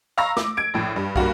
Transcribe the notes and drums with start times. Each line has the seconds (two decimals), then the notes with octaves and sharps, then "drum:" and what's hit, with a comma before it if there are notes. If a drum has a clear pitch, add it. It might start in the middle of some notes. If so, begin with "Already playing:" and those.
0.18 F5 A#5 B5 C#6 E6 A#6
0.37 D6, drum: snare
0.57 G#6 D7
0.74 A#1 A2
0.96 G2
1.16 G2 A#3 F#4 F5, drum: kick